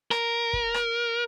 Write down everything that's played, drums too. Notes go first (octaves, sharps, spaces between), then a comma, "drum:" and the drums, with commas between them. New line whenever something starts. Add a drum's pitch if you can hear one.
A#4, drum: rim click
drum: kick
drum: rim click